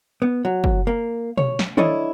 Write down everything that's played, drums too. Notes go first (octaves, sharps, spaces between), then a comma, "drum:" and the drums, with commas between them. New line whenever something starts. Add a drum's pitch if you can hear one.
B3
F#3
drum: kick
A#3
C#5, drum: tom B2
drum: snare
D4 E4 A4 C#5 D#5, drum: tom D#3